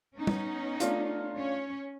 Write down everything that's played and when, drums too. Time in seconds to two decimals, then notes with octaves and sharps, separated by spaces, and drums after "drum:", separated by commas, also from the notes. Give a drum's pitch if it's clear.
0.16 B3 C#4 D#4
0.27 drum: tom
0.80 A3 D4 F4, drum: hi-hat
1.36 C#4 C#5